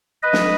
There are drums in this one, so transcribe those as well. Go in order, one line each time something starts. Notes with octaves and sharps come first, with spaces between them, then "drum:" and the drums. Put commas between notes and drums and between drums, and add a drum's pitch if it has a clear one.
B4 D#5
drum: snare